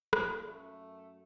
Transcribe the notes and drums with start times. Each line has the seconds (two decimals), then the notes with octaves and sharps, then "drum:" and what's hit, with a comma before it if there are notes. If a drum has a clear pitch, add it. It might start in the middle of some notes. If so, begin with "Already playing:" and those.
0.13 A#2, drum: rim click
0.48 F#2 A3